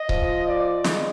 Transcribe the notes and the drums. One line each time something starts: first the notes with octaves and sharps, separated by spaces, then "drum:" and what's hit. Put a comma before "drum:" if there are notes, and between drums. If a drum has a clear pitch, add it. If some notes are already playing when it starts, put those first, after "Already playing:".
Already playing: D#5
F3, drum: kick C#1
D5
G#3, drum: snare